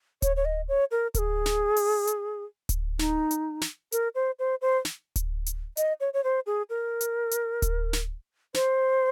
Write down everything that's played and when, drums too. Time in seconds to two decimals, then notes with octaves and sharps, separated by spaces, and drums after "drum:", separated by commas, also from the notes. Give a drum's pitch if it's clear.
0.22 C#5, drum: kick D1, hi-hat
0.36 C#5
0.45 D#5
0.68 C#5
0.91 A#4
1.14 A#4, drum: kick D1, hi-hat
1.18 G#4
1.46 drum: snare
1.76 drum: open hi-hat
2.07 drum: hi-hat
2.69 drum: kick D1, hi-hat
2.99 D#4, drum: snare
3.31 drum: hi-hat
3.61 drum: snare
3.92 A#4, drum: hi-hat
4.15 C5
4.39 C5
4.62 C5
4.85 drum: snare
5.16 drum: kick D1, hi-hat
5.46 drum: hi-hat
5.77 D#5, drum: hi-hat
6.00 C#5
6.14 C#5
6.24 C5
6.46 G#4
6.70 A#4
7.01 drum: hi-hat
7.31 drum: hi-hat
7.62 drum: kick D1, hi-hat
7.93 drum: snare
8.54 C5, drum: snare